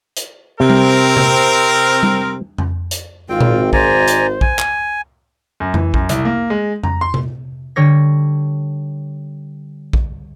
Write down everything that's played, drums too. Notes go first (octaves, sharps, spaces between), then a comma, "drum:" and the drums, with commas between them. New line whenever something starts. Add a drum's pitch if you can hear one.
drum: hi-hat
C3 C4 A#4
drum: tom G3
drum: tom C3
drum: tom G3
drum: tom F2
drum: hi-hat
G#1 C4 F4 G5
drum: tom A#2
C5 D5 G#5 A#5, drum: kick A#1
drum: hi-hat
G#5, drum: kick A#1
drum: clap
F#2
E3, drum: tom F2
F#2, drum: kick A#1
C2, drum: hi-hat
A#3
G#3
A#5, drum: tom F2
C6
drum: tom C3
D3 G3 C#5 A#6
drum: kick A#1